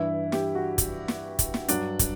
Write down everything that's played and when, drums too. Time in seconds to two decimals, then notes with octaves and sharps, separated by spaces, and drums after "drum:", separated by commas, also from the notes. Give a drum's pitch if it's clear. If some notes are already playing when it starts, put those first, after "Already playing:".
Already playing: G2 E3 E4
0.32 G4, drum: snare
0.55 F#4
0.78 drum: kick, hi-hat
1.08 drum: snare
1.39 drum: kick, hi-hat
1.54 drum: snare
1.68 G2 F#3 D4, drum: hi-hat
1.99 drum: kick, hi-hat